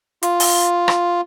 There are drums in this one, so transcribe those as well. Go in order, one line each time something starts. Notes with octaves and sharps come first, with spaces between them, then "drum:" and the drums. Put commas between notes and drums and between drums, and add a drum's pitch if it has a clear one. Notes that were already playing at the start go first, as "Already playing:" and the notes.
F4, drum: hi-hat
drum: open hi-hat
drum: rim click